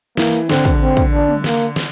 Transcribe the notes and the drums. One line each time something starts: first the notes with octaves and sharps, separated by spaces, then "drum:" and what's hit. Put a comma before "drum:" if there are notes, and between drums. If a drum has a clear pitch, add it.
E3 A#3, drum: snare
drum: tambourine
D3 C4, drum: snare
drum: kick, tambourine
C4
drum: kick, tambourine
D4
drum: tom
A#3, drum: snare
drum: tambourine
drum: snare